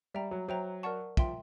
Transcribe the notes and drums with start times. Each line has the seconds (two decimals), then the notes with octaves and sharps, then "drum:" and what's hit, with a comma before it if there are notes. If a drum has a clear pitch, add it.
0.14 G3 E5 G5 A#5
0.31 F#3
0.48 F#3 C5 E5 G5 A#5
0.83 A#4 D5 F#5 A5 C#6
1.17 F3 E5 G5 C6, drum: kick